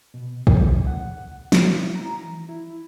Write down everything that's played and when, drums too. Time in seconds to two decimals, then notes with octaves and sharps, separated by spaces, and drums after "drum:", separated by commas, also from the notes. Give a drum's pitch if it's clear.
0.14 B2
0.47 F3, drum: kick
0.87 F#5
1.52 F#4, drum: snare
1.76 E4
1.96 A#5
2.13 E3
2.49 E4